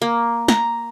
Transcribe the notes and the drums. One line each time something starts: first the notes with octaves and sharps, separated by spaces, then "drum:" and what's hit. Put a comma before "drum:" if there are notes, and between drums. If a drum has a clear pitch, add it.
A#3
A#5, drum: snare